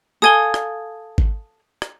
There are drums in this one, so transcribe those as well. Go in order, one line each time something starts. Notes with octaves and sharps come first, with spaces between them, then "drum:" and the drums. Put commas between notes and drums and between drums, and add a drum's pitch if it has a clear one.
A4 F5 G#5 D#6 G#6 G7
drum: rim click
drum: kick G#1
drum: rim click